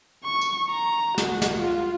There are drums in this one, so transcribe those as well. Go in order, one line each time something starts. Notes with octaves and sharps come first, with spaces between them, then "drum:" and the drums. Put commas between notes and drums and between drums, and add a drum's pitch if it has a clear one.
C#6
drum: tambourine
A#5
F#4, drum: snare
drum: snare
F4